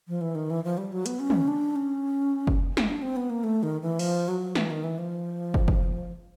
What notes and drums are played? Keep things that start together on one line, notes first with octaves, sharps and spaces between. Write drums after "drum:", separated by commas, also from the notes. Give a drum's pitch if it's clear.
F3
E3
D#3
E3
F3
G3
F#3
B3, drum: hi-hat
C#4
drum: tom
D4
C#4
drum: kick
drum: snare
D4
C4
B3
A#3
A3
D#3
E3
F3, drum: open hi-hat
F#3
E3, drum: snare
D#3
E3
F3
drum: kick
drum: kick